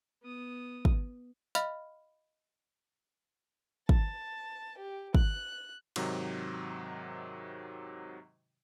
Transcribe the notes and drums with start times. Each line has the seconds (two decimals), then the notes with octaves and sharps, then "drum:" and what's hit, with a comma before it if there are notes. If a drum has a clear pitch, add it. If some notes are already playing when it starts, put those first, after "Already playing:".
0.22 B3 D#6
0.85 drum: kick
1.55 D#5 F5 B5 F6, drum: hi-hat
3.89 A5, drum: kick
4.78 G4
5.14 F#6, drum: kick
5.96 G#2 C3 D#3 F#3, drum: cymbal